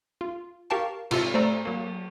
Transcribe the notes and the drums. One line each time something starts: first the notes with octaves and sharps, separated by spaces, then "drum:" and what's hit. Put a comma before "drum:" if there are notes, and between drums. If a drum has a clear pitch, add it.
F4
G4 A#4 F5 G5 A5 C#6
G#2 C3 F4 A4 F6, drum: cymbal
A3 C5 D5 A#5 E6
F#3 A#3